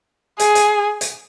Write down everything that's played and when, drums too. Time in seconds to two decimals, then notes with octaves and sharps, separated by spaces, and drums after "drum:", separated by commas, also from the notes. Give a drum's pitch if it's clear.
0.39 G#4, drum: hi-hat
0.55 drum: hi-hat
1.01 drum: hi-hat